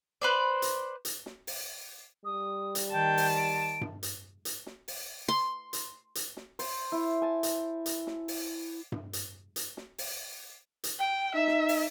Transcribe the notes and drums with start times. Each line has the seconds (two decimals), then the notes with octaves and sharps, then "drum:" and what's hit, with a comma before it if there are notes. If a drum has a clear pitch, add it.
0.22 B4 C5 D5
0.62 drum: hi-hat
1.05 drum: hi-hat
1.26 drum: snare
1.47 drum: open hi-hat
2.25 G3 D#6
2.75 drum: hi-hat
2.92 D#3 G5 A5
3.17 drum: open hi-hat
3.37 D7
3.81 drum: tom G2
4.03 drum: hi-hat
4.45 drum: hi-hat
4.66 drum: snare
4.88 drum: open hi-hat
5.28 C6
5.73 drum: hi-hat
6.15 drum: hi-hat
6.37 drum: snare
6.59 C5, drum: open hi-hat
6.92 E4
7.22 G#5 A5
7.43 drum: hi-hat
7.86 drum: hi-hat
8.07 drum: snare
8.28 drum: open hi-hat
8.92 drum: tom G2
9.13 drum: hi-hat
9.56 drum: hi-hat
9.77 drum: snare
9.98 drum: open hi-hat
10.84 drum: hi-hat
10.99 G5
11.35 D#4 E5
11.47 drum: snare
11.69 drum: open hi-hat